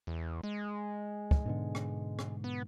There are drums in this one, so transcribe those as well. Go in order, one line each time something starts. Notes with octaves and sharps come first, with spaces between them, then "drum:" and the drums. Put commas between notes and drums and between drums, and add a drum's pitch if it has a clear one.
E2
G#3
drum: kick
G#2 B2 D3
drum: rim click
drum: rim click
B3